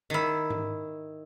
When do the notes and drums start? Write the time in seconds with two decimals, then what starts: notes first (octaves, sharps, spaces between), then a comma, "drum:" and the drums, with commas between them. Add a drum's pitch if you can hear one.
0.10 D#3 E4
0.50 drum: tom G#2